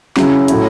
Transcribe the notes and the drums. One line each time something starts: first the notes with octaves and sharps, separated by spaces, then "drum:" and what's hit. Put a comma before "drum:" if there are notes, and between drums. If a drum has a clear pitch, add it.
C#3 F#3 C#4 E4, drum: snare
A2 F#3 A3 E4, drum: hi-hat